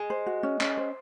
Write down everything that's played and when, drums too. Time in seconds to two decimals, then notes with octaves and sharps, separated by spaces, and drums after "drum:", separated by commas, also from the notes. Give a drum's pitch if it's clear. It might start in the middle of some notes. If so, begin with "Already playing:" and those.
Already playing: G#3
0.10 C5
0.26 F#4
0.43 C#4
0.60 C#4, drum: clap
0.77 C5